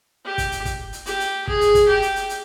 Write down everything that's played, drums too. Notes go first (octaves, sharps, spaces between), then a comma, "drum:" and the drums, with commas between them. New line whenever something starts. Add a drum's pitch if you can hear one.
G4
drum: kick, hi-hat
drum: hi-hat
drum: kick, hi-hat
drum: hi-hat
G4, drum: hi-hat
drum: hi-hat
G#4, drum: kick
drum: hi-hat
drum: kick, hi-hat
G4
drum: hi-hat
drum: hi-hat
drum: hi-hat